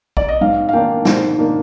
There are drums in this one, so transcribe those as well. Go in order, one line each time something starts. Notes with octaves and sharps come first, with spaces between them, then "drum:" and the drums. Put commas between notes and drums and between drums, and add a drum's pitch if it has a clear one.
D5, drum: kick A#1
D#5
G#2 F5
F5
D#3 A#3 D4 G5
G#2 C5, drum: snare
D#3 A#3 D4